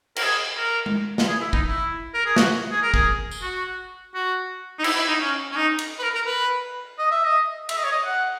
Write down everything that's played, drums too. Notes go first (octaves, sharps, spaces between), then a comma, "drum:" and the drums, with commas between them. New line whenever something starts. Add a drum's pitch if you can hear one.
A#4, drum: cymbal
G#4
A#4
drum: tom G#3
drum: snare
G#4
E4
D#4, drum: kick
E4
A#4
G#4
F#4, drum: snare
G#4
A#4
G#4, drum: kick
drum: tambourine
F#4
F#4
D#4
E4, drum: cymbal
E4
D#4
C#4
C#4
D#4
drum: cymbal
B4
A#4
A#4
B4
D#5
E5
D#5
E5, drum: cymbal
D#5
C#5
D#5
F#5